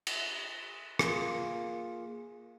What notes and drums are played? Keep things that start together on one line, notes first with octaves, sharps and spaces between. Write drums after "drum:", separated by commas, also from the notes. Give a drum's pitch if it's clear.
drum: cymbal
A#3 F4 G#4, drum: rim click